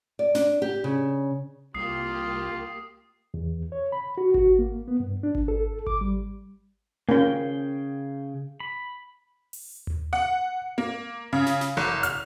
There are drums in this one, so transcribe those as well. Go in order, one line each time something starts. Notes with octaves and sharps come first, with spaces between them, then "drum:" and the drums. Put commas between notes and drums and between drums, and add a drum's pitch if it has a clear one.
D5
D4, drum: snare
G4
C#3
C2 A#3 F4 G4 D#6 C7
E2
C#5
B5
F#4
F#4, drum: kick G#1
A#3
B3
G2
D4
drum: kick G#1
A4
D6, drum: kick G#1
G3
C#3 A#3 C#4 G5
B5
drum: open hi-hat
drum: tom D#2
F#5
A#3
C#3
drum: snare
drum: snare
F#1
F6, drum: hi-hat